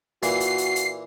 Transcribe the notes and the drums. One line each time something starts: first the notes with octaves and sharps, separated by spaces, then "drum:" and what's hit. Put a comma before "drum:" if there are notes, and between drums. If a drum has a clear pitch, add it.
A#2 E3 F#4 C7, drum: hi-hat
drum: hi-hat
drum: hi-hat
drum: hi-hat